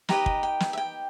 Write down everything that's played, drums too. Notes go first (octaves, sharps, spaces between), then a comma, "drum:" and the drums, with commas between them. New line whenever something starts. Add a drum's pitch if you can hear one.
D#4 G4 B4 D#5 A#5, drum: snare
drum: kick
G5
drum: snare
E5
G5